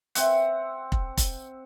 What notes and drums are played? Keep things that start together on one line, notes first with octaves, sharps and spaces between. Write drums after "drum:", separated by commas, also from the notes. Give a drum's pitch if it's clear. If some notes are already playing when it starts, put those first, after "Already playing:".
C4 E5 F#5, drum: hi-hat
drum: kick
drum: kick, hi-hat